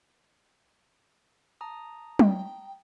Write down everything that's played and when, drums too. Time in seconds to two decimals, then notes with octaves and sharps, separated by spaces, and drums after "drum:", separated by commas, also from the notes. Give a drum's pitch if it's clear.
1.61 A5 A#5 D#6
2.19 G5, drum: tom